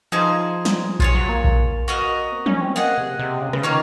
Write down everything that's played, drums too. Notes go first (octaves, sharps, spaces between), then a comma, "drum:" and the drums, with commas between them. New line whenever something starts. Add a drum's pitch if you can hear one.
F3 D#4 G#4 C5
drum: snare
F#3 F4 G#4 C#5, drum: kick A#1
F#3
A#3
drum: kick A#1
F#4 A#4 D#5
C4
C#4, drum: tom
C4
A#3 G#4 D#5 F#5
C3
C3
C#3
C#3, drum: rim click
D#3 A#3 C#4 F4